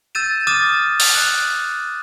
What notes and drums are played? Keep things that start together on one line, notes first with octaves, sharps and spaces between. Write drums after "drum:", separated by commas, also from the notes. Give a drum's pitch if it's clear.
E6 G6 A6 D#7 E7
D6 D#6 F6 A6 D#7 E7
drum: open hi-hat
F#6